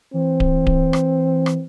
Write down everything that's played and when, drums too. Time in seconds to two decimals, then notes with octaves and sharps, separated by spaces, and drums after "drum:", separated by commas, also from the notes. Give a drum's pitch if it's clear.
0.14 E3 C4
0.40 drum: kick D1
0.67 drum: kick D1
0.93 drum: rim click
1.46 drum: rim click